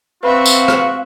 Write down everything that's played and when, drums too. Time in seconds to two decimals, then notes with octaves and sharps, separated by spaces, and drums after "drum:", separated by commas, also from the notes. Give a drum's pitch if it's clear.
0.23 C4 F#4 B4 E5 F5 B5
0.46 drum: tambourine
0.68 drum: rim click